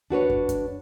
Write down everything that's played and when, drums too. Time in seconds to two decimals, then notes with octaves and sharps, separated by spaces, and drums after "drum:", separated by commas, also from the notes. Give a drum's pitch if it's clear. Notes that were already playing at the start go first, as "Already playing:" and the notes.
0.10 D4 F#4 B4 C#5
0.30 drum: kick
0.49 drum: kick, hi-hat